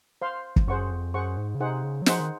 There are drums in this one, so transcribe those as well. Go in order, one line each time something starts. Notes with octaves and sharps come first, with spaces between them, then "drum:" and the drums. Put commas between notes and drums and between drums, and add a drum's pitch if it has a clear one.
C5 F5 C6
drum: kick
F#2 G#4 C5 F#5 C#6
F2
F#2 G#4 C5 F#5 C#6
G#2
C#3
C3 D#4 G#4 C5 F#5
C#3
F#3
F3 D#4 G#4 C5 F#5, drum: snare
D#3